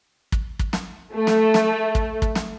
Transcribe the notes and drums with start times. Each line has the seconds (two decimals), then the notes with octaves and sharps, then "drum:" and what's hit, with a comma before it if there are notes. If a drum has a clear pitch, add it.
0.32 drum: kick
0.59 drum: kick
0.73 drum: snare
1.14 A3
1.27 drum: snare
1.54 drum: snare
1.95 drum: kick
2.22 drum: kick
2.35 drum: snare